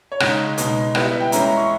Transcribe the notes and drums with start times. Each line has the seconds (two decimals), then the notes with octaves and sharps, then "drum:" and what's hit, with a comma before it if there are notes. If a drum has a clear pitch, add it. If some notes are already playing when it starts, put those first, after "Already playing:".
0.12 C#5
0.20 C#3 G#3 D#4, drum: rim click
0.58 B2 G#3 D#4, drum: hi-hat
0.95 G3 B3 E4 D#5, drum: rim click
1.07 E5
1.20 G5
1.32 E3 G#3 C#4 E4 A#5, drum: hi-hat
1.45 A#5
1.57 C#6